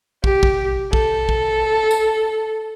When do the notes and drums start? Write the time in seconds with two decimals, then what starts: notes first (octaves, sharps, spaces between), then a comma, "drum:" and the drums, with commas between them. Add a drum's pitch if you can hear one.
0.24 G4, drum: kick
0.43 drum: kick
0.93 A4, drum: kick
1.29 drum: kick
1.91 drum: tambourine